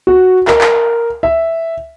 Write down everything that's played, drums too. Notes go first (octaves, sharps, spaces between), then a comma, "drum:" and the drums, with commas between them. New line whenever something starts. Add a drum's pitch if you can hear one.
F#4
A#4, drum: clap
drum: clap
E5